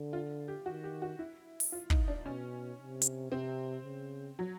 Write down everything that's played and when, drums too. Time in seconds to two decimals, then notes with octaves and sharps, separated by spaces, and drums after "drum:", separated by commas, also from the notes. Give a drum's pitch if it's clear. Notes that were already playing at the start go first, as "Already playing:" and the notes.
Already playing: D3
0.13 F4
0.48 G4
0.66 D#3 F#4
0.84 G4
1.02 F#4
1.19 E4
1.60 drum: open hi-hat
1.72 F4
1.90 D#4, drum: kick
2.08 D4
2.25 B2 C#4
2.78 C3
3.02 drum: hi-hat
3.31 C3 C4
3.85 C#3
4.39 F#3